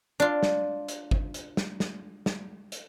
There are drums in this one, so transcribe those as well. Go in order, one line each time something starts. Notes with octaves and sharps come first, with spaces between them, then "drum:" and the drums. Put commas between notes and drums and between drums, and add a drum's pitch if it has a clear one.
D4 F4
drum: snare
drum: hi-hat
drum: kick G1
drum: hi-hat
drum: snare
drum: snare
drum: snare
drum: hi-hat